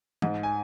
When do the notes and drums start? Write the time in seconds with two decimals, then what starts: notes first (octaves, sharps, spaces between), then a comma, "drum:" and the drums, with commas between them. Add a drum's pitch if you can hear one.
0.22 G#2, drum: tom E3
0.43 G#5